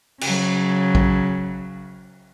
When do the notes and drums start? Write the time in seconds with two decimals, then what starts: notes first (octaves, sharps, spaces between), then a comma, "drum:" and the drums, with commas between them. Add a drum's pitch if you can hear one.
0.21 C#3 F#3, drum: cymbal
0.95 drum: kick A#1